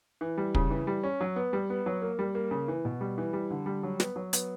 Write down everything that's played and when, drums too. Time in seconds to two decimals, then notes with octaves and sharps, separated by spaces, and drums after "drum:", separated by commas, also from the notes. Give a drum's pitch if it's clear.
0.21 E3
0.37 G3
0.55 C#3, drum: kick
0.70 E3
0.87 G3
1.03 C#4
1.21 F#3
1.36 B3
1.53 G3
1.70 B3
1.86 F#3
2.02 A#3
2.19 G3
2.35 A#3
2.51 C#3
2.68 E3
2.85 B2
3.01 G3
3.18 E3
3.33 G3
3.50 D3
3.66 G3
3.83 F#3
4.00 B3, drum: snare
4.16 F#3
4.33 B3, drum: hi-hat